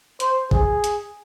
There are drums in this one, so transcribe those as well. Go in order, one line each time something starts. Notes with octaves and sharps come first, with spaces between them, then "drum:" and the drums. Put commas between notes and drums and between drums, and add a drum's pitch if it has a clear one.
C5, drum: hi-hat
G#4, drum: kick
drum: hi-hat